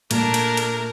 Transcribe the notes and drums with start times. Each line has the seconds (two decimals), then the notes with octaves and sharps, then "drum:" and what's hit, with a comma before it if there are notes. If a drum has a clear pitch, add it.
0.11 A#2 A3 D4 A#4, drum: cymbal
0.34 drum: cymbal
0.57 drum: cymbal